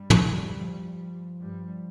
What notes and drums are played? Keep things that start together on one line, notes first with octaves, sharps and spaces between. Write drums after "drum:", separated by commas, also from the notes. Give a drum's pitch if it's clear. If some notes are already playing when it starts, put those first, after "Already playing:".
Already playing: G2 G3
D3, drum: tom
F3
F3
G2 G3